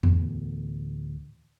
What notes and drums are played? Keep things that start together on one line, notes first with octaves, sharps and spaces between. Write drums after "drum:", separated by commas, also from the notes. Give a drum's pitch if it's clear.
D2 A2 E3 B3, drum: tom E2